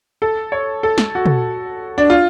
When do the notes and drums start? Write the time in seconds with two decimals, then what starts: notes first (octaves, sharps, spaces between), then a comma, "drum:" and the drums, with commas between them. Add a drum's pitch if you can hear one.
0.22 A4
0.52 C#5
0.83 A4
0.98 drum: snare
1.15 F#4
1.26 drum: tom
1.98 D4
2.10 F4